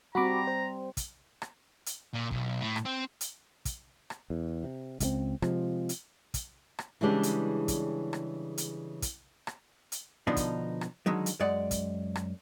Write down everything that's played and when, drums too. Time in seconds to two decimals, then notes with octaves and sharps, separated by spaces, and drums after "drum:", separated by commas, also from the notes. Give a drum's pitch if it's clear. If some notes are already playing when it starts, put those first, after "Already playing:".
0.15 G3 C4 F#4 A#5 B5 D6
0.47 C5
0.97 drum: kick, hi-hat
1.42 drum: rim click
1.86 drum: hi-hat
2.14 A#2
2.31 B1, drum: kick
2.61 A2
2.76 drum: rim click
2.85 C4
3.21 drum: hi-hat
3.65 drum: kick, hi-hat
4.10 drum: rim click
4.30 E2
4.64 C3
5.00 C#2 G#3 C4, drum: kick, hi-hat
5.42 C3 F3 G#3, drum: rim click
5.89 drum: hi-hat
6.34 drum: kick, hi-hat
6.79 drum: rim click
7.01 C#3 E3 G3 G#3 D4 G4
7.23 drum: hi-hat
7.68 drum: kick, hi-hat
8.13 drum: rim click
8.58 drum: hi-hat
9.02 drum: kick, hi-hat
9.47 drum: rim click
9.92 drum: hi-hat
10.27 B2 D3 F3 B3 D4 D#4
10.37 drum: kick, hi-hat
10.81 drum: rim click
11.06 D3 D#3 F#3 G#3
11.26 drum: hi-hat
11.40 F#2 G#3 D5 F#5
11.71 drum: kick, hi-hat
12.16 drum: rim click